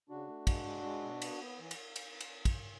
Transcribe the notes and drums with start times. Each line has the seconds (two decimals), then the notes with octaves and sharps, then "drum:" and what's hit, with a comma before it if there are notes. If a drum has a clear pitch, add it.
0.09 C#3 D4 F#4
0.28 A3
0.47 G#3, drum: kick, cymbal
0.66 G#3
0.84 G#3
1.03 B2
1.22 B3, drum: cymbal
1.40 B3
1.59 E3
1.71 drum: cymbal
1.96 drum: cymbal
2.21 drum: cymbal
2.45 drum: kick, cymbal